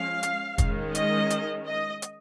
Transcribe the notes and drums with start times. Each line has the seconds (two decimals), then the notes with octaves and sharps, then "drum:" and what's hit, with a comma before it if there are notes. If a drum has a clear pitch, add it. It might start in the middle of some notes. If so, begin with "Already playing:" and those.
Already playing: F3 G#3 C#4 F5
0.23 drum: hi-hat
0.58 D#3 G#3 C#4, drum: kick, hi-hat
0.95 D#5, drum: hi-hat
1.30 drum: hi-hat
1.66 D#5
2.02 drum: hi-hat